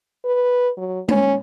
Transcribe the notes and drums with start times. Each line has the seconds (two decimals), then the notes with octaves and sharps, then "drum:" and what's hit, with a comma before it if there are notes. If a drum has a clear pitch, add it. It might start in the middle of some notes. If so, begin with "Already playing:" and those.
0.25 B4
0.78 F#3
1.09 C#4, drum: tom G#3